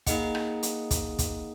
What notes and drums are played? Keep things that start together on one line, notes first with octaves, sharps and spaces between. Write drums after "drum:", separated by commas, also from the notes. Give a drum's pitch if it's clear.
A#3 D#4 G#4 D#5 F#5, drum: kick, hi-hat
drum: rim click
drum: hi-hat
drum: kick, hi-hat
drum: kick, hi-hat